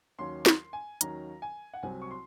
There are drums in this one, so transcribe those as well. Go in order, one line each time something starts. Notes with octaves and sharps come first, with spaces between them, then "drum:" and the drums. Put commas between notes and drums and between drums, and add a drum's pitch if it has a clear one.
D#2 D#3 F#3 C#4 C6
C6, drum: snare
G#5
D#2 D#3 F#3 C#4 A#5, drum: hi-hat
G#5
F#5
C2 C3 F#3 C4 G#5
C#6
C6